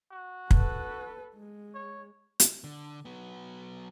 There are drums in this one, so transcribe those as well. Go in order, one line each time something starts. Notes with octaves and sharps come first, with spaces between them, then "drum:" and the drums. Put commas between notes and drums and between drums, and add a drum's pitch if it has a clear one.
F#4
A4 B4, drum: kick
G#3
C#5
drum: hi-hat
D3
F#3 B3